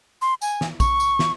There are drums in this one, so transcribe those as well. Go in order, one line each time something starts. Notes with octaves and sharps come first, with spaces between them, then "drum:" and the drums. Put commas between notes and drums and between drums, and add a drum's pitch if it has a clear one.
C6
G#5, drum: tambourine
drum: snare
C#6, drum: kick, tambourine
drum: tambourine
drum: snare